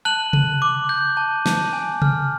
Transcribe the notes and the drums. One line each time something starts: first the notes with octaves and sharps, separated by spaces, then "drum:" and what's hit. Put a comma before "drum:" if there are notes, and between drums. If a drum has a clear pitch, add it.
A5 F#6 F#7
A5, drum: tom C3
D6
G6
A5
A5, drum: snare
G#5
F6, drum: tom C3